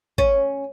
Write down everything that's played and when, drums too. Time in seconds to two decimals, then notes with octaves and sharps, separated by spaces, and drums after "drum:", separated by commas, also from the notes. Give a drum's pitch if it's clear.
0.18 C#4, drum: kick